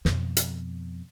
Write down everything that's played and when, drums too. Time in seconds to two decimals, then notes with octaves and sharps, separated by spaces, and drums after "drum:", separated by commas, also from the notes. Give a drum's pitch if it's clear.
0.05 F2 B2, drum: snare
0.37 drum: hi-hat